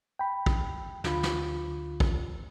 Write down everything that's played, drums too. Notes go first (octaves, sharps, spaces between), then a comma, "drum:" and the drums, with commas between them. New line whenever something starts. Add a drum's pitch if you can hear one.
G5 B5
drum: kick
D2 D3 F4 B5, drum: snare
drum: snare
drum: kick